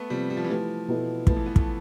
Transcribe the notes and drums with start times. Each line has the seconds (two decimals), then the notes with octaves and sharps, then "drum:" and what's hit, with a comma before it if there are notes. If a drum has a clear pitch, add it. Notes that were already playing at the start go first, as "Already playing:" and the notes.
Already playing: A3 B3
0.10 C3 F3 G3 C4
0.30 G3
0.37 F3
0.44 E3
0.49 F3 A3 E4 G4 B4
0.88 B2 B3 E4 A4
1.27 F3 A3 E4 B4, drum: kick
1.37 E3
1.46 B3
1.56 A3, drum: kick